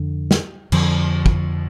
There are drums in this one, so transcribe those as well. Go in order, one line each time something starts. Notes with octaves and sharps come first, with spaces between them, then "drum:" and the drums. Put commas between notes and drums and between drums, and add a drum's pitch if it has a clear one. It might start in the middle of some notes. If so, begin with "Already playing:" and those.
Already playing: F2 D3
drum: snare
F2 D3 F3, drum: cymbal
drum: kick